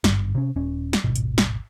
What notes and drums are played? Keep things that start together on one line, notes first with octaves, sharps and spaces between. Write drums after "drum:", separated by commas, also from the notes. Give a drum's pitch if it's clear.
G#1 G2, drum: snare
C3 C#4
D#1 C#4
drum: snare
D1 G#1 B2
drum: hi-hat
drum: snare